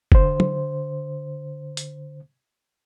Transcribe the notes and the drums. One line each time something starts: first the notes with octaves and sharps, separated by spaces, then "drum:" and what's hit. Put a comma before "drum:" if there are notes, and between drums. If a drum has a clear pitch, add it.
D3 C5, drum: kick
drum: tom
drum: hi-hat